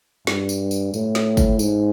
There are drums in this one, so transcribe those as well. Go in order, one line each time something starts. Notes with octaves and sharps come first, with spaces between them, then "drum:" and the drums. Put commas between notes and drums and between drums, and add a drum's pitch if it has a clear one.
G2, drum: snare
drum: tambourine
drum: tambourine
A2, drum: tambourine
drum: snare
drum: kick, tambourine
G#2, drum: tambourine